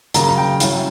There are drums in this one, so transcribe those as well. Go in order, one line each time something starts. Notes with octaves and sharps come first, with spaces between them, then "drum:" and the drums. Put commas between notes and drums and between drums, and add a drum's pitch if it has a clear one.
C#3 F#3 A#3 A#5, drum: hi-hat
A#5
G5
F#3 C#4 E4, drum: hi-hat